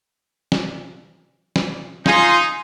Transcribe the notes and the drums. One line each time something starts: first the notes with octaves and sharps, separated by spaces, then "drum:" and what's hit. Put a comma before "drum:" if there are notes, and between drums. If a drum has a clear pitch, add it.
drum: snare
drum: snare
D#4 F4 G#5 C6, drum: snare